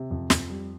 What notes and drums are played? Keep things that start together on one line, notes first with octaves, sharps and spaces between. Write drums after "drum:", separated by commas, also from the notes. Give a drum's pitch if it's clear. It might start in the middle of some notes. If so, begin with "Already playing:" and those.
Already playing: C3
F2
F2, drum: snare
G3